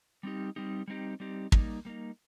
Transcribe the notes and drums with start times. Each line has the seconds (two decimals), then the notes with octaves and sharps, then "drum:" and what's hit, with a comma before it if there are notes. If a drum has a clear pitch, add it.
0.23 G3 C4 D#4 G4
0.56 G3 C4 D#4 G4
0.88 G3 C4 D#4 G4
1.20 G3 C4 D#4 G4
1.52 G3 A#3 D#4, drum: kick
1.85 G3 A#3 D#4